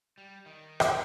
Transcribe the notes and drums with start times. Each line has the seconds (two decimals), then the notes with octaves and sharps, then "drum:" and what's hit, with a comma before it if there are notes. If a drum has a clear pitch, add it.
0.18 G3
0.46 D#3
0.80 drum: rim click